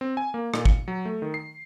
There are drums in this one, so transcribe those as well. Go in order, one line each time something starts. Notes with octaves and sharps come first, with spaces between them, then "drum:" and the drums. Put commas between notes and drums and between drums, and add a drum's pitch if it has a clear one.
C4
G#5
A#3
A#2, drum: rim click
C#7, drum: kick
F#3
A3
D#3
C7